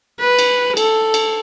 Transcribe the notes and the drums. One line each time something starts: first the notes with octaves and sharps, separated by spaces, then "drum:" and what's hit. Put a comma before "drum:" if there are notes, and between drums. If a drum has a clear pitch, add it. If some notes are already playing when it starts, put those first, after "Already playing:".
B4
drum: cymbal
A4, drum: cymbal
drum: cymbal